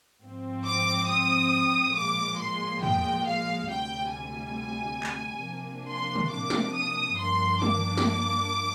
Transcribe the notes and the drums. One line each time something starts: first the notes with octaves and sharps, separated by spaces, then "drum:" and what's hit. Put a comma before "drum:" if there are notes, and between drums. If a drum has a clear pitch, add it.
G#2 F3 C4
D6
D#6
A#2 F3 G#3 D6
C6
G5, drum: tom
F5
D2 C3 G3 G5
G#5
drum: clap
C3 F3 A#3 D4
C6
drum: tom
D6
drum: snare
D#6
G2 F3 A#3 D4 C6
D6, drum: tom
drum: snare